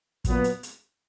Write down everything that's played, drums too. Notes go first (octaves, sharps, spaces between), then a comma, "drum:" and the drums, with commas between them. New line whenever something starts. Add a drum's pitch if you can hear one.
A#2 F#3 B3, drum: kick, hi-hat
drum: hi-hat
drum: hi-hat